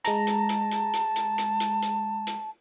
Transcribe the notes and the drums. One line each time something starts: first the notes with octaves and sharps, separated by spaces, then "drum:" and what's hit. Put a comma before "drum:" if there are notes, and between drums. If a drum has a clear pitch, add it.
G#3 A5 A#5, drum: hi-hat
drum: hi-hat
drum: hi-hat
drum: hi-hat
drum: hi-hat
drum: hi-hat
drum: hi-hat
drum: hi-hat
drum: hi-hat
drum: hi-hat